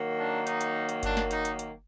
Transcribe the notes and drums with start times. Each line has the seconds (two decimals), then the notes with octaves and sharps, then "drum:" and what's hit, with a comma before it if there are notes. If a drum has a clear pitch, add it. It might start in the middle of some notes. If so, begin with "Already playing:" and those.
Already playing: D#3 F#3 A#3
0.19 D4
0.47 D#4, drum: hi-hat
0.61 drum: hi-hat
0.89 drum: hi-hat
1.03 D4, drum: kick G1, hi-hat
1.17 drum: snare
1.31 D#4, drum: hi-hat
1.45 drum: hi-hat
1.59 drum: hi-hat